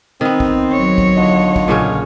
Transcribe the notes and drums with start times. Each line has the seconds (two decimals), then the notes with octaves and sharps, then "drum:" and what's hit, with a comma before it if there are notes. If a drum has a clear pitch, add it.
0.21 D#3 B3 C4
0.40 drum: kick
0.72 F#3 C#5
0.98 drum: kick
1.17 D3 F4 D#5
1.56 drum: kick
1.68 A#2 C#3 C#4